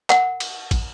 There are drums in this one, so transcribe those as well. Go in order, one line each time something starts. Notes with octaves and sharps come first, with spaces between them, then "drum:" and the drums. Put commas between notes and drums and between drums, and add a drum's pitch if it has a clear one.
A#4 F#5, drum: clap
drum: cymbal
drum: kick, cymbal